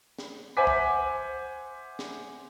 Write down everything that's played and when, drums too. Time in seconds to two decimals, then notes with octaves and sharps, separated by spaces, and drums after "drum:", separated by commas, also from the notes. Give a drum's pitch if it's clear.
0.19 drum: snare
0.57 C5 E5 F#5 G#5 D6 B6
0.67 drum: kick
1.99 drum: snare